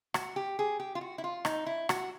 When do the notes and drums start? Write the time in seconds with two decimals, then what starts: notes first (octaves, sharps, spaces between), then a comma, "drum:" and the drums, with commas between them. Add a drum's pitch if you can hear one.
0.14 F#4, drum: rim click
0.36 G4
0.59 G#4
0.80 G4
0.95 F4
1.01 F#4
1.18 E4
1.24 F4
1.45 D#4, drum: rim click
1.66 E4
1.89 F#4, drum: rim click